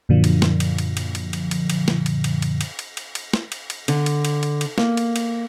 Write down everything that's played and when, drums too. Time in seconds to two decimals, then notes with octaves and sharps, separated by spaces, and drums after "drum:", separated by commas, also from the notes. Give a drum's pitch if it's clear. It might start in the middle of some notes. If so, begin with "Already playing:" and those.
0.09 F#2 A#2 D3 F3
0.24 drum: cymbal
0.42 drum: snare
0.60 drum: cymbal
0.78 drum: cymbal
0.97 drum: cymbal
1.15 drum: cymbal
1.33 drum: cymbal
1.51 drum: cymbal
1.70 drum: cymbal
1.88 drum: snare
2.06 drum: cymbal
2.24 drum: cymbal
2.42 drum: cymbal
2.61 drum: cymbal
2.79 drum: cymbal
2.97 drum: cymbal
3.15 drum: cymbal
3.33 drum: snare
3.52 drum: cymbal
3.70 drum: cymbal
3.88 D3, drum: cymbal
4.06 drum: cymbal
4.25 drum: cymbal
4.43 drum: cymbal
4.61 drum: cymbal
4.78 A#3, drum: snare
4.97 drum: cymbal
5.16 drum: cymbal